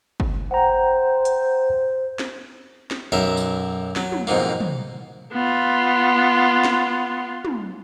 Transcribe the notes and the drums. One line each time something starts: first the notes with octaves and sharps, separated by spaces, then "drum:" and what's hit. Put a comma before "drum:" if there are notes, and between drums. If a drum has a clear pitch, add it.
drum: kick G1
C5 F#5 G5 A#5
drum: hi-hat
drum: snare
drum: snare
B1 F#2 A#4 E5
drum: tambourine
F#3, drum: snare
drum: tom
F2 G#2 B2 A#3
drum: tom
B3 F4
drum: snare
drum: tom